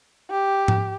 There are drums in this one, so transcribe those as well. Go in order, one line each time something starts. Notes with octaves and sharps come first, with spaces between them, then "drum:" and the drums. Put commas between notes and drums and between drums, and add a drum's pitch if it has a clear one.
G4
drum: tom G#2